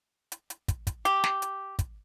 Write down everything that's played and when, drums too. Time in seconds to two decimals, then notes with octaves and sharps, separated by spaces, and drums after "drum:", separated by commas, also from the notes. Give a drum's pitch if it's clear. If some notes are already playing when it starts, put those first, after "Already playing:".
0.32 drum: hi-hat
0.50 drum: hi-hat
0.68 drum: kick, hi-hat
0.87 drum: kick, hi-hat
1.05 G4, drum: hi-hat
1.24 drum: snare
1.42 drum: hi-hat
1.79 drum: kick, hi-hat